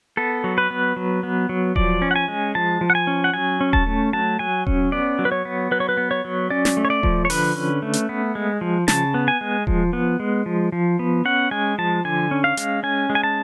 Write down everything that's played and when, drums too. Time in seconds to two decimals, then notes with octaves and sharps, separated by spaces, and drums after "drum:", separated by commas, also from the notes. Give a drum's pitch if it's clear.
0.17 B3 A4
0.44 F#3
0.58 B4
0.70 B3
0.96 F#3
1.23 B3
1.49 F#3
1.76 F3 D5, drum: kick D#1
2.02 C#4
2.11 F#5
2.16 G#5
2.28 G#3
2.55 F3 A5
2.81 F3
2.90 F#5
2.95 G#5
3.07 C#4
3.24 F#5
3.34 F#3 G#5
3.61 C#4
3.73 A5, drum: kick D#1
3.87 A3
4.13 F#3 A5
4.39 F#3 G#5
4.67 C#4, drum: kick D#1
4.92 B3 D5
5.19 F#3
5.25 B4
5.32 C#5
5.45 B3
5.71 F#3 B4
5.80 C#5
5.89 B4
5.97 B3
6.11 C#5
6.25 F#3
6.50 C#4 D5
6.65 drum: snare
6.77 A3
6.85 C#5
6.90 D5
7.03 F3, drum: kick D#1
7.25 C#5
7.30 D3 B4, drum: open hi-hat
7.56 C#4
7.82 A3
7.93 drum: hi-hat
8.09 B3
8.35 G#3
8.61 F3
8.88 C#3 A5, drum: snare
9.14 B3
9.28 G#5
9.41 G#3
9.67 F3, drum: kick D#1
9.93 B3
10.20 G#3
10.46 F3
10.72 F3
10.99 B3
11.25 C#4 F#5
11.51 G#3 G#5
11.78 F3 A5
12.05 D3 G#5
12.31 C#4
12.44 F5
12.57 G#3, drum: hi-hat
12.83 C#4 G#5
13.10 G#3
13.15 G#5
13.23 A5